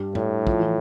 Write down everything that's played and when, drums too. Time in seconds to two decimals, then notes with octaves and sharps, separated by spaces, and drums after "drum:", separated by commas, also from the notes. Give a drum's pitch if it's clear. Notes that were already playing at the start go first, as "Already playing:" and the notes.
Already playing: G2 G3
0.15 A2, drum: tom G2
0.47 F3, drum: kick
0.59 E3